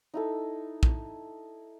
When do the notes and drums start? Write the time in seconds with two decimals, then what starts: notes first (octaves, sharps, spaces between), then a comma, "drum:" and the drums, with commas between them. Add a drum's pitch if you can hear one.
0.14 D#4 E4 A4
0.83 drum: kick